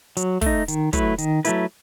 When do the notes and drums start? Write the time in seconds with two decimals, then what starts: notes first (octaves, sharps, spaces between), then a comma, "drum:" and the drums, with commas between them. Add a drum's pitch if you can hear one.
0.17 F#3, drum: hi-hat
0.41 A3 D#4, drum: kick, open hi-hat
0.68 D#3, drum: hi-hat
0.93 F#3 A3 E4 B4, drum: kick, hi-hat
1.18 D#3, drum: hi-hat
1.45 F#3 A3 E4 B4, drum: hi-hat